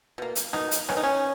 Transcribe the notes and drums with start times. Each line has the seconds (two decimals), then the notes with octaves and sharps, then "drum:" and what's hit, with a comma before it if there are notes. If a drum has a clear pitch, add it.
0.18 B2 A#3
0.35 drum: hi-hat
0.53 B2 A#3 D#4, drum: rim click
0.71 drum: hi-hat
0.89 D#3 G#3 B3 C#4, drum: rim click
0.97 D#4
1.03 C#4